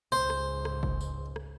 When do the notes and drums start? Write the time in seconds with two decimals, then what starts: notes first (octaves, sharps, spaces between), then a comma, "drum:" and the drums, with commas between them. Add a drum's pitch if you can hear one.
0.12 C#2 G#2 C5
0.30 drum: rim click
0.65 drum: rim click
0.83 drum: kick
1.01 drum: tambourine
1.36 drum: rim click